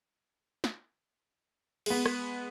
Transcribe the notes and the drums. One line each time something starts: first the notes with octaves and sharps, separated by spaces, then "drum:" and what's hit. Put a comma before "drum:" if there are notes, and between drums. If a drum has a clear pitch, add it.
drum: snare
G#3 B3, drum: cymbal
drum: rim click